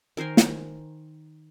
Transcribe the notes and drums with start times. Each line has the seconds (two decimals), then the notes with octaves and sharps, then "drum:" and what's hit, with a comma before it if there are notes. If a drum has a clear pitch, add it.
0.17 D#3 A#4 C5 G#5
0.37 drum: snare